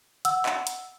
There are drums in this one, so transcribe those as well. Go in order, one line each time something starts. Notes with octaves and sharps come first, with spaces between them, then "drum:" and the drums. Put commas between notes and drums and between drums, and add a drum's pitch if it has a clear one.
F#5 E6, drum: hi-hat
drum: clap
drum: hi-hat